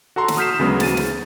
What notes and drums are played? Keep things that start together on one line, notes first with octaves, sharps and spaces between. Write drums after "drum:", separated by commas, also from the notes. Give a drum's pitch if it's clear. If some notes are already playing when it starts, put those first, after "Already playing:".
F#4 A4 A#5 C6
drum: snare
D#6 F6 G6 B6 C7 E7
D2 C#3 F#3 G#3 B3
D2 A6 D#7, drum: snare
drum: snare